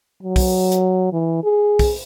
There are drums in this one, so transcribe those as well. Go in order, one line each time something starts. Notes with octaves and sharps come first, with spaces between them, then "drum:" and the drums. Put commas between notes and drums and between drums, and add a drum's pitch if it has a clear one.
F#3
drum: kick, open hi-hat
drum: hi-hat
E3
G#4
drum: kick, open hi-hat